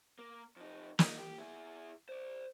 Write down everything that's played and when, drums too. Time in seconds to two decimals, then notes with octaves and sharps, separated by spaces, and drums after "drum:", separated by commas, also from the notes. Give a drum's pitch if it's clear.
0.19 A#3
0.56 F2 D#4
0.99 D#4, drum: snare
1.18 G4
1.39 E4 G#4
2.09 C5 D5